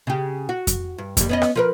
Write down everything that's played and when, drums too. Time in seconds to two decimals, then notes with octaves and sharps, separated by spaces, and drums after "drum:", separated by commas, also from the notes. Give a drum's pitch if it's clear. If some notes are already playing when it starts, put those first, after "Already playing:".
0.07 C#3 G4
0.49 F#4
0.67 drum: kick F2, hi-hat
0.98 G2
1.17 D#2 G3, drum: kick F2, hi-hat
1.29 B3 C#4 D#5
1.42 drum: rim click
1.56 F3 A#4 B4